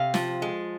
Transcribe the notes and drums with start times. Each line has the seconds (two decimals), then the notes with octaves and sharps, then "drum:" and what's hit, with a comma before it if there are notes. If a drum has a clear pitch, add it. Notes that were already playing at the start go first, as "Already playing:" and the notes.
Already playing: C3 F5
0.14 F3, drum: snare
0.42 G#3